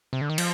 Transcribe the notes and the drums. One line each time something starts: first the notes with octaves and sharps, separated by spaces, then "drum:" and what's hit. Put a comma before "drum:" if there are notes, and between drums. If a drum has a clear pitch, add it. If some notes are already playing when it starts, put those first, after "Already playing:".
C3
D3
D#3
F3, drum: cymbal